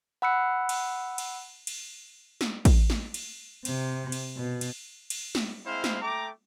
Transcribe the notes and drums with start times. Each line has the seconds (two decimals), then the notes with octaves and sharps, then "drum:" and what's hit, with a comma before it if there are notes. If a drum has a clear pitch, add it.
0.22 F#5 B5 E6 F#6 C#7
0.69 drum: cymbal
1.18 drum: cymbal
1.67 drum: cymbal
2.41 drum: snare
2.65 drum: kick, cymbal
2.90 drum: snare
3.14 drum: cymbal
3.65 C3, drum: cymbal
4.12 drum: cymbal
4.37 B2
4.61 drum: cymbal
5.10 drum: cymbal
5.35 drum: snare
5.66 G#3 C4 E4 C5 F5
5.84 drum: snare
6.02 A3 G5 A#5 D6